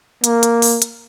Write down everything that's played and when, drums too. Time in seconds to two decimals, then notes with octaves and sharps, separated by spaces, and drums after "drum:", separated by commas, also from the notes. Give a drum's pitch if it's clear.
0.24 A#3, drum: hi-hat
0.43 drum: hi-hat
0.62 drum: open hi-hat
0.82 drum: hi-hat